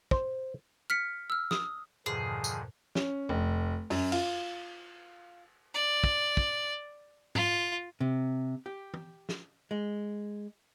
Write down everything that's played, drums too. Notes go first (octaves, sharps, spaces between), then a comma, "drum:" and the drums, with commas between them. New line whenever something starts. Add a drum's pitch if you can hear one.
C5, drum: kick
F6 B6 C#7
E6 F6
D#6, drum: snare
F2 G#2 B2 D3 D#3 F3 G#4
drum: tambourine
C#4, drum: snare
F1
F#2, drum: open hi-hat
F4, drum: cymbal
D5
drum: kick
drum: kick
F4, drum: tom G#2
C3
G4
drum: tom
drum: snare
G#3